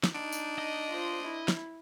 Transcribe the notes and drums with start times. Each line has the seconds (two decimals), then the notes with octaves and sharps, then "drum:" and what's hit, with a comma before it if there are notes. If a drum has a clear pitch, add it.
0.04 drum: snare
0.15 D4 D#4
0.32 drum: tambourine
0.58 D#5
0.90 F4 C5
1.23 E4
1.48 drum: snare